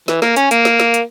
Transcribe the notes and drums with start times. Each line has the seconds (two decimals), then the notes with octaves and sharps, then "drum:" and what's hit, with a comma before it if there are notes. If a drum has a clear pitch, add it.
0.08 E3, drum: snare
0.22 A#3, drum: snare
0.36 C#4, drum: hi-hat
0.51 A#3, drum: hi-hat
0.65 drum: snare
0.80 drum: snare
0.94 drum: hi-hat